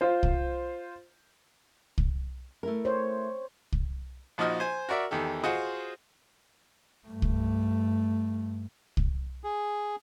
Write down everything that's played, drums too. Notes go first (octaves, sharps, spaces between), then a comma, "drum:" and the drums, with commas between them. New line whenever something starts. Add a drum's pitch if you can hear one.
F4 C5
drum: kick C2
drum: kick C2
A3 E4 A#4
C5 C#5
drum: kick C2
A#1 F3 D#4 F#4 D#5 F6
C5 G#5
F#4 A#4 D5 E5
E2 D#3 G4 A4
F4 F#4 G#4 C5 D#5 F#5
G2 A3
drum: kick C2
drum: kick C2
G#4